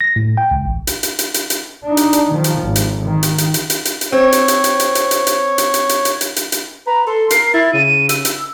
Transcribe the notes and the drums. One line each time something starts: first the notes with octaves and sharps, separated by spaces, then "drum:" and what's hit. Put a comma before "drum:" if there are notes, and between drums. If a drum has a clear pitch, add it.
A#6
A2
G5
C#2
A1
drum: hi-hat
drum: hi-hat
drum: hi-hat
drum: hi-hat
drum: hi-hat
D4 D#4
drum: hi-hat
drum: hi-hat
D#3 F3
drum: hi-hat
G#1
drum: hi-hat
D#3
drum: hi-hat
drum: hi-hat
drum: hi-hat
drum: hi-hat
drum: hi-hat
drum: hi-hat
C4 C#5
drum: hi-hat
drum: hi-hat
drum: hi-hat
drum: hi-hat
drum: hi-hat
drum: hi-hat
drum: hi-hat
drum: hi-hat
drum: hi-hat
drum: hi-hat
drum: hi-hat
drum: hi-hat
drum: hi-hat
drum: hi-hat
B4 A#5
A4 C6
A#4 C7, drum: hi-hat
E4 A6
C#3 D#7
E6, drum: hi-hat
drum: hi-hat